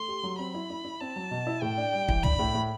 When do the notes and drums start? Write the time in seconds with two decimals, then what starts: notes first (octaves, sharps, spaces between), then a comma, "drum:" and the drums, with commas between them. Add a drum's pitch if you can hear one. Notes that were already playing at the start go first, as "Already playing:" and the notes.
Already playing: A3 C6
0.08 G4
0.23 F#3
0.38 C4 B5
0.54 E4
0.70 E4
0.85 E4
1.00 C4 A5
1.16 F#3
1.31 B2
1.47 E4
1.62 A2 G5
1.77 D4
1.93 G3
2.08 E3, drum: kick
2.23 D4 B5, drum: tom
2.39 A2
2.54 A2